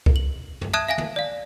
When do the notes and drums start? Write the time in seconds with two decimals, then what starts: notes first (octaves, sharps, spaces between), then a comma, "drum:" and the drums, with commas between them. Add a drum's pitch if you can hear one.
0.06 drum: kick C2
0.16 F#7
0.61 drum: tom
0.73 E5 A5 D#6 F#6 G#6 E7
0.88 E5 F5 G#5 A#6
0.98 drum: tom
1.16 D5 F5